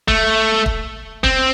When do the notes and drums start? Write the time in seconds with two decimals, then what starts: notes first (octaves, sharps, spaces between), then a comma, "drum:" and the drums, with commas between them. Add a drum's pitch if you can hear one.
0.08 A3, drum: kick
0.66 drum: kick
1.24 C4, drum: kick